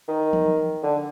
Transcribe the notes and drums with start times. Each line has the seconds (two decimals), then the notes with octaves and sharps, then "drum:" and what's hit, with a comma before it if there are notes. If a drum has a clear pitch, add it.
0.08 D#3
0.33 drum: tom E3
0.83 D3